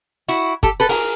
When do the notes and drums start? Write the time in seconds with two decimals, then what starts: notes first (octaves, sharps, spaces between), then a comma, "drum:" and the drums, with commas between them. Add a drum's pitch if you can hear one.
0.28 E4 F#4
0.63 G4 A4, drum: kick
0.80 A4 B4
0.89 G#4 A#4, drum: open hi-hat